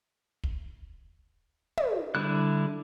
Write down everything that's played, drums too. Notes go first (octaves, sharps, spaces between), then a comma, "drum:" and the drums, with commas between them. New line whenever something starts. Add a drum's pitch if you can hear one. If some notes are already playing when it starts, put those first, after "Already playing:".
drum: kick
drum: tom
D3 G3 E4 F#6